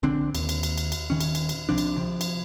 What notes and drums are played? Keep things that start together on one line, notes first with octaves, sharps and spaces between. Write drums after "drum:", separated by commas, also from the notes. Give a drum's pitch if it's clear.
A#1 D3 C4 D4
D#2, drum: cymbal
drum: cymbal
drum: cymbal
drum: cymbal
drum: cymbal
D#1 D#3 C#4
drum: cymbal
drum: cymbal
drum: cymbal
C2 C3 F3 D4
drum: cymbal
C3 F3
drum: cymbal